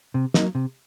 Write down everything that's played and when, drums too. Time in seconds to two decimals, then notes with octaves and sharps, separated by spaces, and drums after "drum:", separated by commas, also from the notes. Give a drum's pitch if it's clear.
0.14 C3
0.34 F#3 A#3 D#4, drum: snare
0.55 C3